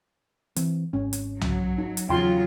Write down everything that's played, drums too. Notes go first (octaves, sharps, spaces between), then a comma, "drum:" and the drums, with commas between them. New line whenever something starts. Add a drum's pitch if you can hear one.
E3 C4, drum: hi-hat
G#1 C#4
drum: hi-hat
F#3, drum: tom C2
D#4
drum: hi-hat
E2 C#3 F#3 F4 G5 C6